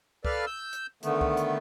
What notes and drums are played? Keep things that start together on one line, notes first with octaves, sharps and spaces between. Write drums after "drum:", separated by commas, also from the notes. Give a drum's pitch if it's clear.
A4 B4 D5 F5 F6, drum: kick
E6 G6
drum: hi-hat
D3 D#3 A3 B3, drum: hi-hat
drum: kick
drum: hi-hat